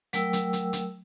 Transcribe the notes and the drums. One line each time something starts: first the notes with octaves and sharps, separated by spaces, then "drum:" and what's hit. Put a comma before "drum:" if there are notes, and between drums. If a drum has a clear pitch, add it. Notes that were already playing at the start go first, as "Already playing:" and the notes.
F#3 A3 A#4 G5 E6, drum: hi-hat
drum: hi-hat
drum: hi-hat
drum: hi-hat